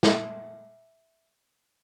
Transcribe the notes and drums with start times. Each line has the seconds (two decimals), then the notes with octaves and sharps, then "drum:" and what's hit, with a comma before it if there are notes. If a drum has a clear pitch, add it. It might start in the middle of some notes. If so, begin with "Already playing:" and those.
0.03 A4 E5, drum: snare